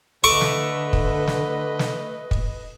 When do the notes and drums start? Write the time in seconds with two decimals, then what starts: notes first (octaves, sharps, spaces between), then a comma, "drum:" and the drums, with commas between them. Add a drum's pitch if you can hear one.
0.24 D3 A3 B4 D#5 C#6 D6
0.41 drum: snare
0.93 drum: kick
1.27 drum: snare
1.79 drum: snare
2.31 drum: kick